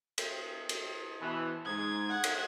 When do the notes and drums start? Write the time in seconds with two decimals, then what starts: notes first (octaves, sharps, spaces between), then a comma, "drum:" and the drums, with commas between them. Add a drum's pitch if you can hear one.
0.18 drum: cymbal
0.69 drum: cymbal
1.21 B2 E3
1.66 G#2 D#6 G#6
2.09 F#5
2.24 drum: cymbal